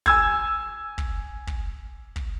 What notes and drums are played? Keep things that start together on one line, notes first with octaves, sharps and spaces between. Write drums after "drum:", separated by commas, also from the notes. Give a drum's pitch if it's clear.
G#5 E6 G#6, drum: kick
drum: kick
drum: kick
drum: kick